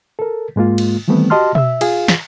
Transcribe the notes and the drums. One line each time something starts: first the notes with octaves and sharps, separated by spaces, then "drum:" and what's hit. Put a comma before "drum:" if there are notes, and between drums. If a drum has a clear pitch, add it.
A4 A#4
G#2 G#3 A#3 F4
drum: cymbal
D#3 E3 G3 A3 B3 C4
F#4 G4 D#5 A5 C6 F6
E5 E6, drum: tom B2
F4 G#4 F5, drum: cymbal
drum: snare